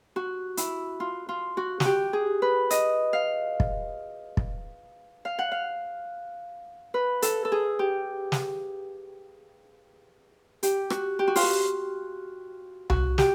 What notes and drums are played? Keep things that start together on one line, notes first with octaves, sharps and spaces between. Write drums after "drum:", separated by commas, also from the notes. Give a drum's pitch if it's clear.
F#4
E4, drum: hi-hat
F4
F4
F#4
F#4, drum: snare
G4
G#4
B4
D#5, drum: hi-hat
F5
drum: kick
drum: kick
F5
F#5
F5
B4
A4, drum: hi-hat
A4
G#4
G4
drum: snare
G4, drum: hi-hat
F#4, drum: rim click
G4
F#4
F4, drum: open hi-hat
F#4
F#4, drum: tom C2
G4, drum: snare